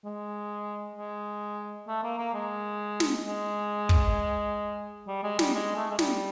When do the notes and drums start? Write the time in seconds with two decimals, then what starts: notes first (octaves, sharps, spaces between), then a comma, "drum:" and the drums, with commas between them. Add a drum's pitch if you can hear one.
0.04 G#3
0.96 G#3
1.87 A3
2.03 A#3
2.18 A#3
2.34 G#3
3.00 drum: snare
3.25 G#3
3.89 drum: kick
5.08 G3
5.23 G#3
5.39 G3, drum: snare
5.54 G#3
5.76 A3
5.91 G#3
5.99 G3, drum: snare